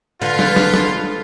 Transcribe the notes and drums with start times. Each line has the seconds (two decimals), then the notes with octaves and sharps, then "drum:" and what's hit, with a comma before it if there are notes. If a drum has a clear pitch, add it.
0.22 D3 F4 B4
0.39 drum: snare
0.56 drum: snare
0.74 drum: snare